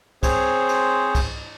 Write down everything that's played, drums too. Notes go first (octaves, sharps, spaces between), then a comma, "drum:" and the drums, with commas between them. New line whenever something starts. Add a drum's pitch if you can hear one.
C4 G#4 C5 C#5, drum: kick, cymbal
drum: cymbal
drum: kick, cymbal